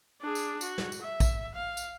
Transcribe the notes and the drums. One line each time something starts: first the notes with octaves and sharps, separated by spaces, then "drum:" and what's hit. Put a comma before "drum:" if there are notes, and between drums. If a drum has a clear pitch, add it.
D4 G#4
drum: tambourine
F#4, drum: tambourine
drum: snare
drum: tambourine
E5
drum: kick, tambourine
F5
drum: tambourine